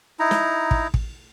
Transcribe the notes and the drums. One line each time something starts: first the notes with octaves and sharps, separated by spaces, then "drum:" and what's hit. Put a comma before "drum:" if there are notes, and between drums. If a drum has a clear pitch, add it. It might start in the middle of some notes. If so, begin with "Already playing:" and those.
D#4 E4 A#5
drum: snare
drum: kick
drum: kick